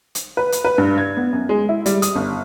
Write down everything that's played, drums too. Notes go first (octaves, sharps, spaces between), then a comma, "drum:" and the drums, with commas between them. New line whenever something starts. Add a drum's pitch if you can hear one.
drum: hi-hat
B4
drum: hi-hat
B4
G2
G#6
B3
F#2
G#3
E4
G3, drum: hi-hat
D#6, drum: hi-hat
G1